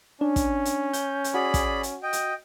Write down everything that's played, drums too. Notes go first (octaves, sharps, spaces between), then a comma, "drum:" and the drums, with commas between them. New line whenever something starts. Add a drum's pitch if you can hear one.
C#4 D4
drum: kick, hi-hat
drum: hi-hat
G6, drum: hi-hat
drum: hi-hat
F#4 G#4 D5 B5
drum: kick, hi-hat
drum: hi-hat
D#5 G5
drum: hi-hat